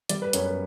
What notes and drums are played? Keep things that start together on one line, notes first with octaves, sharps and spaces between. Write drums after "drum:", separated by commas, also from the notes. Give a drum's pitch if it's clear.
G3 D5, drum: hi-hat
B4
F#2 C#5, drum: hi-hat
B4